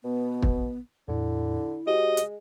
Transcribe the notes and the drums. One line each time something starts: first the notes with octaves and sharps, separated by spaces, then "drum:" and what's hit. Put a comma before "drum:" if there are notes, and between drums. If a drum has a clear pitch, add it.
B2 B3
drum: kick
E2 A2 D3 E4
G#3 F#4 G4 C5 D#5
drum: hi-hat